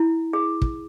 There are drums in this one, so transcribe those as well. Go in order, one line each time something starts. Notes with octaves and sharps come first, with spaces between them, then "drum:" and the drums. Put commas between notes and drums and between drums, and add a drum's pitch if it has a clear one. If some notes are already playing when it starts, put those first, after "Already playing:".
Already playing: E4
G#4
drum: kick